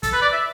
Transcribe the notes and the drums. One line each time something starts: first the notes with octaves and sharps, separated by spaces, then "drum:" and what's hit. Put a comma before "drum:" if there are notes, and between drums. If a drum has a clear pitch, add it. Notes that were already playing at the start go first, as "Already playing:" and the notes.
A4, drum: kick, hi-hat
B4
D5
E5